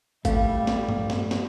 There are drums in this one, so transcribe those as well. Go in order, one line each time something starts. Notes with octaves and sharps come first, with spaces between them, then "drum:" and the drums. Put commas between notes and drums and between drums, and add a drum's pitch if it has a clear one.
G#2 G3 A3 E4 F5, drum: kick G#1, hi-hat
drum: snare
drum: tom G2
drum: snare
drum: snare